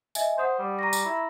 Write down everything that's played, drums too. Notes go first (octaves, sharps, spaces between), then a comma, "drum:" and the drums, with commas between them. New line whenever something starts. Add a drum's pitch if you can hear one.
D#5 E5 G#5, drum: tambourine
C5 F#5 D#6 G6
G3
A#5 C#6 A#6
drum: tambourine
E4